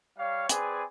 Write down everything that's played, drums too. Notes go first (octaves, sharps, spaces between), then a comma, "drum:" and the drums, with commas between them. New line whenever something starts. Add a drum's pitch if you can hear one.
G3 C#5 F5
C4 G#4 B4 D5 G#5, drum: hi-hat